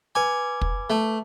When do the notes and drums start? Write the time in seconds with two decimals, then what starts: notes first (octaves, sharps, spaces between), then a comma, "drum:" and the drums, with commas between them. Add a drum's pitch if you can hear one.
0.15 B4 G#5 D6
0.61 drum: kick
0.90 A3